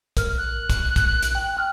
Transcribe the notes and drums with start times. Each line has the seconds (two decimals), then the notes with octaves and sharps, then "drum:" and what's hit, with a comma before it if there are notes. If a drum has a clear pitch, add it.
0.17 A#4 F6, drum: kick, hi-hat
0.38 F#6
0.70 drum: kick, hi-hat
0.96 drum: kick, hi-hat
1.23 drum: hi-hat
1.35 G5
1.57 G5 F6